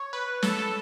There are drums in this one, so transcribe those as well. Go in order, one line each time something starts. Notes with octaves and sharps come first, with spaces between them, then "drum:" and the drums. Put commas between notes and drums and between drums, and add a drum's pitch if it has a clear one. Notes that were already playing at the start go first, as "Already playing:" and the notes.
Already playing: C#5
B4
A4, drum: snare
A4